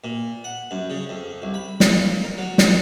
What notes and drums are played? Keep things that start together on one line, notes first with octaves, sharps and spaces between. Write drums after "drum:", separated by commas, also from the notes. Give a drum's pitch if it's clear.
A#2
F#5
F#2
C#3
F2
C2
B5
A#3, drum: snare
A#4
F#3
drum: snare